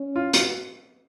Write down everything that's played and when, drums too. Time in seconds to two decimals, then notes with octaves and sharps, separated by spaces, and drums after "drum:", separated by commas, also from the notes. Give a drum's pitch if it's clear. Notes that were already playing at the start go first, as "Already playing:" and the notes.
Already playing: C#4
0.16 F4
0.33 F4, drum: hi-hat
0.40 F#4